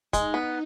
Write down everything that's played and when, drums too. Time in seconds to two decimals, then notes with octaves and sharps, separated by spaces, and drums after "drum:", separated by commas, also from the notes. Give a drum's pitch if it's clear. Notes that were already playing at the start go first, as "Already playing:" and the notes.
0.13 G#3 D#4, drum: kick, hi-hat
0.34 B3